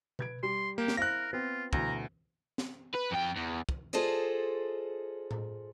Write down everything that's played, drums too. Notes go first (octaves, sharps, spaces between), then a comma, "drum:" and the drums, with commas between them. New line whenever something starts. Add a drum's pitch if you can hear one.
B4 G#6 D7, drum: tom B2
G3 C6
A#3 G4
drum: snare
E4 A#4 C5 F5 F#6 A#6
B3 C4 F4
D2 B2 E3 A#5, drum: kick
drum: snare
B4
F2 G5
E2
drum: kick
F4 G#4 A4 C5 D5 D#5
drum: tom A2